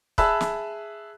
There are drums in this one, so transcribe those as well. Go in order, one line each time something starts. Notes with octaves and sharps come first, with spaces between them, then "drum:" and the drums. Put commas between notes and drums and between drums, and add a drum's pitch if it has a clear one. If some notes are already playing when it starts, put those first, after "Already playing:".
G#4 E5 A5 B5 E6 F#6, drum: kick
drum: snare